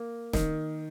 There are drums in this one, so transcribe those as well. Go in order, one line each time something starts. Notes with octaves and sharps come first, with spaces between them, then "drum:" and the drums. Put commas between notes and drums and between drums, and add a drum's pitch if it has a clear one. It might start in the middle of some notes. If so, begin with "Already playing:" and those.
Already playing: A#3
D#3, drum: snare